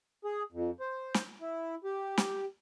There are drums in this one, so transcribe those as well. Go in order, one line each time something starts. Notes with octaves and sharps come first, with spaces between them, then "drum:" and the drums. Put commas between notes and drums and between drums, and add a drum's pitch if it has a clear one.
G#4
F2
C5
drum: snare
E4
G4
drum: snare